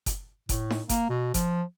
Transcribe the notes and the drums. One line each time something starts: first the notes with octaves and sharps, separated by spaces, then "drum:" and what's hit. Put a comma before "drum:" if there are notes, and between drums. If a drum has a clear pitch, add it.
drum: kick F#1, hi-hat
A2, drum: kick F#1, hi-hat
drum: snare D#4
A#3, drum: kick F#1, hi-hat
B2
F3, drum: kick F#1, hi-hat